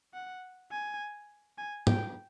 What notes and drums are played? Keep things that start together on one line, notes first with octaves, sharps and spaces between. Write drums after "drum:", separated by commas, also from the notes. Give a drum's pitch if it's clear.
F#5
G#5
G#5
G5, drum: tom